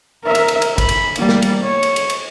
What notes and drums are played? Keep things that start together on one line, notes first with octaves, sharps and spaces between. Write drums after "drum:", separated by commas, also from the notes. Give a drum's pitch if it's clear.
A#4 E5
drum: cymbal
drum: cymbal
drum: cymbal
B5, drum: kick, cymbal
drum: cymbal
G3 A#3, drum: cymbal
drum: snare
drum: cymbal
C#5
drum: cymbal
drum: cymbal
drum: cymbal